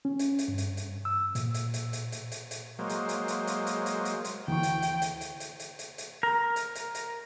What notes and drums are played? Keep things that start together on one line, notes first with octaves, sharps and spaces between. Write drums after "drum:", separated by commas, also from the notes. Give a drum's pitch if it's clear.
C#4
drum: hi-hat
drum: hi-hat
G2
drum: hi-hat
drum: hi-hat
E6
A#2, drum: hi-hat
drum: hi-hat
drum: hi-hat
drum: hi-hat
drum: hi-hat
drum: hi-hat
drum: hi-hat
F#3 G#3 A#3 C5
drum: hi-hat
drum: hi-hat
drum: hi-hat
drum: hi-hat
drum: hi-hat
drum: hi-hat
drum: hi-hat
drum: hi-hat
D2 E3 G5 C#6
drum: hi-hat
drum: hi-hat
drum: hi-hat
drum: hi-hat
drum: hi-hat
drum: hi-hat
drum: hi-hat
drum: hi-hat
A#4
drum: hi-hat
drum: hi-hat
drum: hi-hat